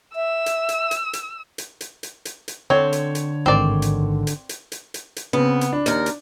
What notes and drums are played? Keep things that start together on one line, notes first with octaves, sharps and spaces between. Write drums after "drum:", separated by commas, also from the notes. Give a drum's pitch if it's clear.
E5 E6
drum: hi-hat
drum: hi-hat
drum: hi-hat
drum: hi-hat
drum: hi-hat
drum: hi-hat
drum: hi-hat
drum: hi-hat
drum: hi-hat
D3 C4 C#5
drum: hi-hat
drum: hi-hat
A1 G#2 D#3 C4 D5
drum: hi-hat
drum: hi-hat
drum: hi-hat
drum: hi-hat
drum: hi-hat
drum: hi-hat
C#3 B3 C4
drum: hi-hat
D4
D#2 A#4, drum: hi-hat
drum: hi-hat